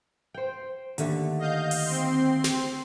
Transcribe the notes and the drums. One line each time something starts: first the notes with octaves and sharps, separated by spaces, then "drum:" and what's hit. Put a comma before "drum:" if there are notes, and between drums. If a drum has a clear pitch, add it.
C5 G5
D#2 D3 A3, drum: hi-hat
D#5 F5 G6
drum: open hi-hat
C4 C6
drum: snare